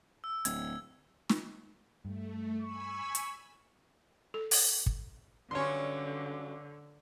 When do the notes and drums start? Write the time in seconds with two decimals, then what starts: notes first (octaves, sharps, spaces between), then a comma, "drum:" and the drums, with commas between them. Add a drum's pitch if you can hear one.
0.24 E6
0.45 D1 G#6, drum: hi-hat
1.29 drum: snare
2.05 G2 A3
2.62 G#5 B5 C#6 E6
3.15 drum: hi-hat
4.34 A4
4.51 drum: open hi-hat
4.86 drum: kick
5.51 G2 D3 F#3 C#4 C#5 C6